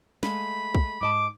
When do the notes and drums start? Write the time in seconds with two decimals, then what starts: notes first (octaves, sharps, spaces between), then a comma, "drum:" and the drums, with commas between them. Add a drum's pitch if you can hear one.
0.23 G#3 A3 F5 B5, drum: snare
0.75 drum: kick
1.01 G#2 D#5 A5 D6